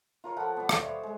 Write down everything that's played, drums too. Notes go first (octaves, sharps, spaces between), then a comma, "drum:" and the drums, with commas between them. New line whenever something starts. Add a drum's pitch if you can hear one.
F4 A#4 C#5
F3 A4 F#5 B5
G3 B3
D5 F5, drum: rim click
C5 C#5 E5 D6
G#3